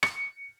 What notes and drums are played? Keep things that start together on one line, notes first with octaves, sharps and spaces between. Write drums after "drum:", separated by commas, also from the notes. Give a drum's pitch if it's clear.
C#7, drum: rim click